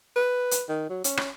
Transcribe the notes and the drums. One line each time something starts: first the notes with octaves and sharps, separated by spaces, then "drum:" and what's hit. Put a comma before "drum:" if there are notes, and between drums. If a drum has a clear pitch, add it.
B4
drum: hi-hat
D#3
F#3
C#4, drum: hi-hat
drum: rim click